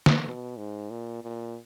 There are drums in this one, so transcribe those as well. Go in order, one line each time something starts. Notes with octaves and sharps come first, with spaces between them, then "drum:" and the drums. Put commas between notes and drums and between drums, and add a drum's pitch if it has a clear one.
drum: snare
B2
G#2
A#2
A#2